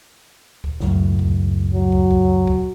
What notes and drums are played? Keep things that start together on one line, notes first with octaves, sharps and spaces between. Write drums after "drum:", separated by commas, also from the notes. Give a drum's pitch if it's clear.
drum: kick
C#2 F#2 A2, drum: snare
drum: kick
F#3
drum: kick
drum: kick
drum: kick